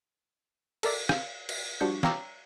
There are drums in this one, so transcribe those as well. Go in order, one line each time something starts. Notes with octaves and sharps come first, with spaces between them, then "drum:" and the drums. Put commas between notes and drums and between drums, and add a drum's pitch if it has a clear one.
A4 A#4 D5 E5, drum: cymbal
F5, drum: rim click
drum: cymbal
F3 G3 D4 F#4 C#6 G6
C#5 F5 G5 A#5 D6 E6, drum: snare